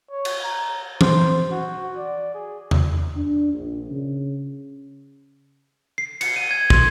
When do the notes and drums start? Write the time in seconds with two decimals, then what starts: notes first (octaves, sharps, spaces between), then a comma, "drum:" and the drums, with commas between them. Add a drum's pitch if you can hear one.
0.11 C#5
0.25 drum: cymbal
0.44 A#5
1.01 C5, drum: tom E3
1.51 F#4
1.97 D5
2.34 G#4
2.71 drum: tom E2
3.17 D4
3.53 A#1
3.90 C#3
5.98 C7
6.21 C#7, drum: cymbal
6.36 D#7
6.51 G#6
6.70 C6, drum: kick